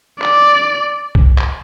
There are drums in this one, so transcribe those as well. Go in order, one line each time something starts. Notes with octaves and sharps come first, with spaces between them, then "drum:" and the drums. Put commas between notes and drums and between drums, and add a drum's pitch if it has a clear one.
D5, drum: clap
drum: kick C2
drum: clap